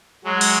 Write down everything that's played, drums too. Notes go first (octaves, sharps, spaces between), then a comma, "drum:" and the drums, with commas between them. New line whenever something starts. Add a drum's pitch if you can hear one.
F#3 G#3
drum: open hi-hat